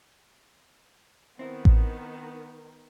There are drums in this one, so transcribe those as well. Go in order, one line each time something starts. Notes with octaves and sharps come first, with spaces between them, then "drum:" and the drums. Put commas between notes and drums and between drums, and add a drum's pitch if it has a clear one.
D#3 B3 C4 E4
drum: kick A1